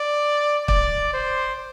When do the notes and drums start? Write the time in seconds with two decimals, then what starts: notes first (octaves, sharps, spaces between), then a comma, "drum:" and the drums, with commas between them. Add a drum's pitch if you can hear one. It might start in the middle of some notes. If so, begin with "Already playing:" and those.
Already playing: D5
0.68 D5, drum: kick
1.14 C5